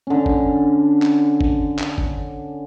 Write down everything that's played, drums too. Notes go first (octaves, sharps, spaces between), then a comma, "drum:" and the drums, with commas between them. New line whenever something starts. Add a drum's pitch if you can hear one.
D3 C#4
drum: kick G1
drum: clap
drum: kick G1
drum: clap
drum: kick G1